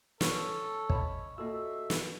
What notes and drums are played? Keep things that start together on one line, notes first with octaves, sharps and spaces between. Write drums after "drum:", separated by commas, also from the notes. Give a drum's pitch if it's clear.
C#4 A4, drum: snare
C#5 D#5 A5 B5, drum: kick
A#2 F#4 A4 D#5 E5 E6
drum: snare